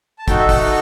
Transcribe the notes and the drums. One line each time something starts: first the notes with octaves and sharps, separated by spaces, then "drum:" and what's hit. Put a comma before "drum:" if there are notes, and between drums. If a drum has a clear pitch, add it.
A5
D#4 F#4 A4 G5, drum: kick, hi-hat
E5
F#5, drum: kick, open hi-hat
D#5